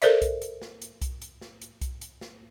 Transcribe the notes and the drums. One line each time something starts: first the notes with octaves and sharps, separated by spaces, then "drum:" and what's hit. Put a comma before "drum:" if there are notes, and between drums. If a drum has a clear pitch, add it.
A4 A#4 C5 D5 E5, drum: hi-hat
drum: kick B1, hi-hat
drum: hi-hat
drum: snare
drum: hi-hat
drum: kick B1, hi-hat
drum: hi-hat
drum: snare
drum: hi-hat
drum: kick B1, hi-hat
drum: hi-hat
drum: snare